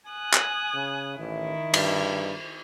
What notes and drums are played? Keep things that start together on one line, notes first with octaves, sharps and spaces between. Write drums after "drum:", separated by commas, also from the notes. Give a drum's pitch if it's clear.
G#5 D#6 F#6
drum: clap
C#3
A1 D#3 E4
G2, drum: cymbal